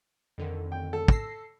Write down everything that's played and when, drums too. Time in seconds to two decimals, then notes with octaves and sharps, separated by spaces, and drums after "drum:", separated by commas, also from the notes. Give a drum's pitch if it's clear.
0.38 F2 D3 D#3
0.72 G5
0.93 A4
1.08 E6 A#6 C7, drum: kick